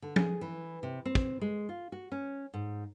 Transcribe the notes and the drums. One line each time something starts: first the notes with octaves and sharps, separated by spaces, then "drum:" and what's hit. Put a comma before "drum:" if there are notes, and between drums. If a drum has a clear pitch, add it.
D3
G#4, drum: tom
E3
C3
C4
drum: kick
G#3
F4
F#4
C#4
G#2